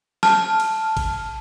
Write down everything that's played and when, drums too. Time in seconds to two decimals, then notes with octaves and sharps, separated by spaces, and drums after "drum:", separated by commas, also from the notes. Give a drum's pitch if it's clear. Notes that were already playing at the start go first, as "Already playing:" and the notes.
0.23 A5 F6, drum: snare
0.60 drum: cymbal
0.97 drum: kick G#1, cymbal